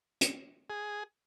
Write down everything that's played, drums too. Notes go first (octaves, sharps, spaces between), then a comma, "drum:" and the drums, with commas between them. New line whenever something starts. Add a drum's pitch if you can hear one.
drum: hi-hat
G#4